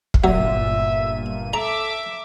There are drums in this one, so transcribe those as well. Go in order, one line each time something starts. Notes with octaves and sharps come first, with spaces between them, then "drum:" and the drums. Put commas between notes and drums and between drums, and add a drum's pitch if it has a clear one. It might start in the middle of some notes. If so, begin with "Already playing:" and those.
drum: kick
G1 A#2 F#3 E5 D#7
A4 E5 A#5 D6